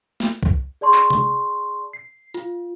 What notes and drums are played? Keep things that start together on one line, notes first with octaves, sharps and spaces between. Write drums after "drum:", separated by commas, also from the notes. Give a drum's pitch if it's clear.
drum: snare
drum: kick
G#4 D5 A5 C6 C#6
drum: clap
drum: tom C3
C7
F4, drum: hi-hat